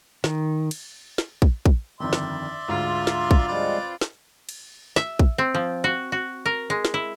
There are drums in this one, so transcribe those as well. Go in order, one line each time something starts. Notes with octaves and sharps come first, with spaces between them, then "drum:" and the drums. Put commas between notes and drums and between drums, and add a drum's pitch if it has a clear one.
D#3, drum: snare
drum: cymbal
drum: snare
drum: kick
drum: kick
G1 F2 D#3 D5 E5 C6
drum: snare
D2 G#2 F4
drum: snare
drum: kick
F3 G3 G#3 C4 B4 D5
drum: snare
drum: cymbal
E5, drum: snare
drum: kick
C4
F3
F#4
F#4
A#4
G#3
drum: snare
E4